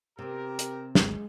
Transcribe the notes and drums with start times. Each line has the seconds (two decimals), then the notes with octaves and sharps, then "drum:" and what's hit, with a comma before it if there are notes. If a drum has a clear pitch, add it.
0.19 C3 C4 G4 A#4
0.59 drum: hi-hat
0.95 G#1 D2 G#3, drum: snare